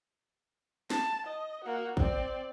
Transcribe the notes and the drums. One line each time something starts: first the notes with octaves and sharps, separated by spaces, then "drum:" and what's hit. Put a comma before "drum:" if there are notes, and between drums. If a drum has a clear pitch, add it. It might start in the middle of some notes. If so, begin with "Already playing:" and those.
A5, drum: snare
D#5
A#3 F#4
C4 D5, drum: kick